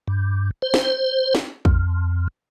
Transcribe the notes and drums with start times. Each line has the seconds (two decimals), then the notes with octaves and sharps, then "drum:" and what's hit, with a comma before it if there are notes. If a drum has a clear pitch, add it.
0.08 G2
0.62 C5
0.74 drum: snare
1.35 drum: snare
1.65 F2, drum: kick